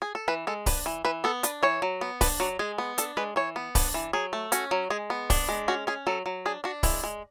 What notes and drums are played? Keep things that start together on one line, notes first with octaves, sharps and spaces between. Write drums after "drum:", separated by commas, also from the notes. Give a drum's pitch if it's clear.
G#4
A4
E3 B4
G#3 A4
D4 B4, drum: kick C#1, open hi-hat
E3
E3 B4
B3 A4
D4 B4, drum: hi-hat
E3 C#5
F#3
B3
D4 B4, drum: kick C#1, open hi-hat
F#3 F#4
G#3 G#4
B3
D4 A4, drum: hi-hat
G#3 B4
E3 C#5
B3
D4 B4, drum: kick C#1, open hi-hat
E3
F#3 G#4
A3
C#4 F#4, drum: hi-hat
F#3
G#3 G#4
B3
D4, drum: kick C#1, open hi-hat
G#3
C#4 F#4
C#4 G#4
F#3 A4
F#3
D4 G#4
D4 F#4
G#3 E4, drum: kick C#1, open hi-hat
G#3